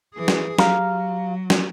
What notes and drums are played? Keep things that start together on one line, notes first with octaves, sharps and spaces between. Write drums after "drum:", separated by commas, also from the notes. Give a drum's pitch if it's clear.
E3 G#4
drum: snare
F#3 G4 F5 A#5, drum: snare
drum: snare